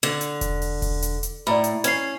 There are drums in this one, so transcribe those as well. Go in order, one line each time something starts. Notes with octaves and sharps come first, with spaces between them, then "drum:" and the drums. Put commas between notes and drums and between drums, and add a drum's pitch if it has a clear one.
D3
drum: hi-hat
drum: kick E1, hi-hat
drum: open hi-hat
drum: kick E1, open hi-hat
drum: hi-hat
drum: hi-hat
A2 D5 A#5 B5
drum: hi-hat
C#4 G#6 C7, drum: hi-hat